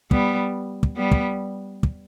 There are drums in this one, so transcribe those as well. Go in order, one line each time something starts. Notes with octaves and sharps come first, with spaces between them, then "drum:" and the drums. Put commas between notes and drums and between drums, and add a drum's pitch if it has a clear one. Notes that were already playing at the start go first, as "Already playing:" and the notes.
G3 B3, drum: kick
drum: kick
G3 B3
drum: kick
drum: kick